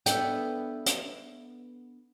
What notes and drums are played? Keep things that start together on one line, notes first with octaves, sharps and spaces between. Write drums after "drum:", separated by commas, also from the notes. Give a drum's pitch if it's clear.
B3 D4 A4 E5 G5, drum: hi-hat
drum: hi-hat